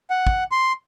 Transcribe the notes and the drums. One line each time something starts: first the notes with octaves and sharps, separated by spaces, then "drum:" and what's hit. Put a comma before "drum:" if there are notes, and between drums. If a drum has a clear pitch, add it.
F#5
drum: kick
C6